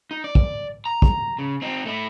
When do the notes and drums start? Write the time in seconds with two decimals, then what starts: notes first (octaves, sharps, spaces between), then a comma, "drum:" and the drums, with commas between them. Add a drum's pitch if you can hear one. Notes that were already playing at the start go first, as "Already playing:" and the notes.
0.11 D#4
0.24 D5
0.35 drum: kick
0.85 A#5
1.02 drum: kick
1.39 C#3
1.62 C4 D#4
1.86 A3 E4